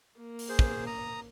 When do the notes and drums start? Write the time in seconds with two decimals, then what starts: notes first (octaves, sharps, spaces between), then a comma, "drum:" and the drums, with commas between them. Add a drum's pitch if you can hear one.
0.19 A#3
0.39 drum: open hi-hat
0.49 G#4 C5
0.59 drum: kick
0.87 A#5 D#6